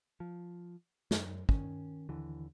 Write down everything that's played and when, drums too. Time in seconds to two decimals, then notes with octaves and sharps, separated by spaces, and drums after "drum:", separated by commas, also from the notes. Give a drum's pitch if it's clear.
0.20 F3
1.11 F#2, drum: snare
1.49 D#3 C#4, drum: kick
2.09 D#2 D3 E3